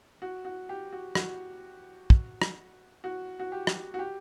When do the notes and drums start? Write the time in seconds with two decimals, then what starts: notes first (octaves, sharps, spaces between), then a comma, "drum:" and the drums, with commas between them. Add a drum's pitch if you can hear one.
0.22 F#4
0.45 F#4
0.69 G4
0.92 F#4
1.15 F#4, drum: rim click
2.10 drum: kick
2.42 drum: rim click
3.04 F#4
3.40 F#4
3.52 G4
3.67 drum: rim click
3.94 F#4
3.99 G4